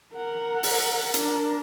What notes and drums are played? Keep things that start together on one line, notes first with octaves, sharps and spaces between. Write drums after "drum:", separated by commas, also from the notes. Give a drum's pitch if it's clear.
A#4 F#5
drum: open hi-hat
D4 A#4, drum: hi-hat